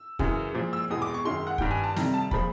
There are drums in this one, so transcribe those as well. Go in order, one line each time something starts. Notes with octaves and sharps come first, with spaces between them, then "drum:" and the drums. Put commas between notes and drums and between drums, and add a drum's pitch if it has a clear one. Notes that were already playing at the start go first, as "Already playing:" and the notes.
Already playing: E6
F#2 C#3 E3, drum: kick
A#2 F3 G#3
E6
E2 B2 G#3 D#6
D6
C#6
F#2 D#3 G#3 C6
F#5
G2 D#3 G3 G5, drum: kick
G#5
A5
F2 C3 D#3 G3 A#5, drum: snare
A5
A#2 F3 G#3 B5, drum: kick